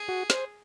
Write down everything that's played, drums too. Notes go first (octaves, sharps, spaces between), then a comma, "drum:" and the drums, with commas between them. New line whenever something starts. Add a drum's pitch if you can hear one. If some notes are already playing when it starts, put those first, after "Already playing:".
Already playing: G#4
F#4
C5, drum: snare